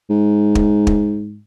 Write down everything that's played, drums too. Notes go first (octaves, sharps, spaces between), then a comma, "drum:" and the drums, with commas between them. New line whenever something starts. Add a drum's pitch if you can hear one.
G#2
drum: kick
drum: kick